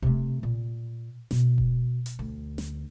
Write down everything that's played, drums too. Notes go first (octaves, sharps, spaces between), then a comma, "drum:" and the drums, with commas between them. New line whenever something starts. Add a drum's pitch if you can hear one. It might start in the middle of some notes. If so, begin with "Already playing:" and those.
C3 A3, drum: kick D#1
A#2
B2, drum: snare
drum: kick D#1
drum: hi-hat
D2
drum: snare